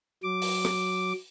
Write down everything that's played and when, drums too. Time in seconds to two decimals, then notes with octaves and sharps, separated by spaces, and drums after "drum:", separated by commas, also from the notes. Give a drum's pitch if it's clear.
0.23 F#3 D6
0.42 drum: open hi-hat
0.65 drum: rim click